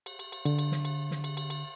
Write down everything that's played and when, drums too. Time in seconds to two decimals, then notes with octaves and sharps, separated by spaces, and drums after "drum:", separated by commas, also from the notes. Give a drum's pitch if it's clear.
0.06 drum: cymbal
0.19 drum: cymbal
0.32 drum: cymbal
0.45 D3, drum: cymbal
0.59 drum: cymbal
0.72 drum: snare
0.85 drum: cymbal
1.11 drum: snare
1.24 drum: cymbal
1.37 drum: cymbal
1.50 drum: cymbal